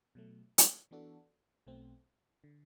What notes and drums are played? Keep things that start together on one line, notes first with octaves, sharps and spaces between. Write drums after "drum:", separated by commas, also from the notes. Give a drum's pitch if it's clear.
B2 F#3 A3
drum: hi-hat
E3 B3 D4 F#4 A4
B1 B2 A3 C4
D3